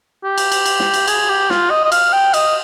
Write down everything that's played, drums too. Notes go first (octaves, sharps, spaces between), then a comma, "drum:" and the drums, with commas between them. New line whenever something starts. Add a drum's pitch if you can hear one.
G4
drum: cymbal
drum: cymbal
drum: cymbal
drum: snare
drum: cymbal
G#4, drum: cymbal
G4
F4, drum: snare
D#5
D#5
F5, drum: cymbal
G5
D#5, drum: cymbal